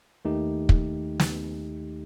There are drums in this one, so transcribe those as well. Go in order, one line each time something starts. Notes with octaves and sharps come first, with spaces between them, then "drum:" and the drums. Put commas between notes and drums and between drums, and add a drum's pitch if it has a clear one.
D#2 D#3 A3 D#4 G4
drum: kick
drum: snare